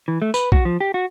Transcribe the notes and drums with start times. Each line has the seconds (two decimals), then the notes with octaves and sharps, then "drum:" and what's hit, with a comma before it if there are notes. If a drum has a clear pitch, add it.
0.08 E3
0.22 A3
0.34 B4, drum: tambourine
0.52 F#4, drum: kick B1
0.65 F3
0.81 G4
0.94 F#4